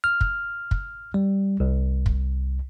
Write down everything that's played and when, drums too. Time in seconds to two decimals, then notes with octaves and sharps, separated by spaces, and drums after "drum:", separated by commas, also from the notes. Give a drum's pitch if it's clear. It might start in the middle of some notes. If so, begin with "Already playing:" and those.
0.04 F6
0.21 drum: kick
0.71 drum: kick
1.14 G3
1.60 C2
2.06 drum: kick